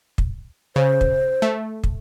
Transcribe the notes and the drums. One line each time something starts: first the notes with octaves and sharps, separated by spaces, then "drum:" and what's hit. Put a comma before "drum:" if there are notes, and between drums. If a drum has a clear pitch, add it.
drum: kick
C#3 C5
drum: kick
A3
drum: kick